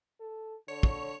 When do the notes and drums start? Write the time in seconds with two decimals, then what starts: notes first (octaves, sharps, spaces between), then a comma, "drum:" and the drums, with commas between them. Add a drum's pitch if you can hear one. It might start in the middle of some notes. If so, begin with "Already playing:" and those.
0.20 A4
0.68 D3 C#5
0.83 drum: kick